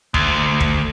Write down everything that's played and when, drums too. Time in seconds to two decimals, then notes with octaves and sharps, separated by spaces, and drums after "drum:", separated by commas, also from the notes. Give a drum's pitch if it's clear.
0.14 D2, drum: kick
0.60 drum: kick